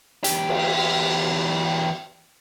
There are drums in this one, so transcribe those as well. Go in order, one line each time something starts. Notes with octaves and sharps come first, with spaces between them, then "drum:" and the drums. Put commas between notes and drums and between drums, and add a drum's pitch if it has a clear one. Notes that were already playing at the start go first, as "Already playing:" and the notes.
E2 G4, drum: hi-hat
drum: cymbal